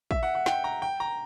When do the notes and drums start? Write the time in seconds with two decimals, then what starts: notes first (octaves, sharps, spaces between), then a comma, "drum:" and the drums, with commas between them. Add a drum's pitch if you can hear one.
0.11 E5, drum: kick
0.23 F#5
0.35 F#5
0.46 G5, drum: snare
0.64 A#5
0.82 G5
1.00 A#5